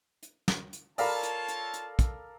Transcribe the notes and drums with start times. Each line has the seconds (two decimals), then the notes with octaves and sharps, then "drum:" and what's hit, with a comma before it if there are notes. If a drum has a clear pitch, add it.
0.23 drum: hi-hat
0.48 drum: snare
0.73 drum: hi-hat
0.98 F4 A4 A#4 C#5 D5 F5 A5 B5, drum: open hi-hat
1.23 drum: hi-hat
1.48 drum: hi-hat
1.74 drum: hi-hat
1.99 drum: kick, hi-hat